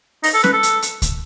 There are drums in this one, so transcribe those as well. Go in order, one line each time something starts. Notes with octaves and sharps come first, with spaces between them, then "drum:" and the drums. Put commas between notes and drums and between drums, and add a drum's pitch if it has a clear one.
D#4, drum: open hi-hat
A4
B4, drum: snare C#4
A4
drum: hi-hat
drum: hi-hat
drum: kick C#2, hi-hat